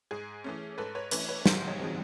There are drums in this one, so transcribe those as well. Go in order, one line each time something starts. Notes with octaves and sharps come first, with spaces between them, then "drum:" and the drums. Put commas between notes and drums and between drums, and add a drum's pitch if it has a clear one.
G#2 G#4
E3 A3 C#4
G#2 A4 B4
B4 C#5
E3 A3 C#4 B4 C#5, drum: hi-hat
B4 C#5
G#2 A#4 C5, drum: snare
C#5 D#5
F3 G#3 C4